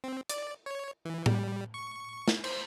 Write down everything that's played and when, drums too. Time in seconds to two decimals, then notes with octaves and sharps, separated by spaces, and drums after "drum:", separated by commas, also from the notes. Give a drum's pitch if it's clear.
0.04 C4
0.29 D5, drum: hi-hat
0.66 C#5
1.05 E3
1.26 G3, drum: tom A2
1.74 C#6
2.28 drum: snare
2.44 C5, drum: cymbal